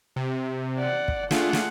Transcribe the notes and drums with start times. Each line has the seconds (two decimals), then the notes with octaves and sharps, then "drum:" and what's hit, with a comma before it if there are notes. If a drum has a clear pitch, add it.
0.16 C3
0.79 D5 F#5
1.08 drum: kick
1.31 A3 D4 F4 G#4 F#5, drum: snare
1.53 drum: snare